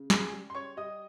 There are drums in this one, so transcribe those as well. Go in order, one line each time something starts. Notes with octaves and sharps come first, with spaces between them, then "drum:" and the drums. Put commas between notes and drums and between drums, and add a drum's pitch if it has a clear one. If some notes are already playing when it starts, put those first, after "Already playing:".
Already playing: C#3
G#4 G#5, drum: snare
G3
C6
C#5 C#6
G3 D#5 D#6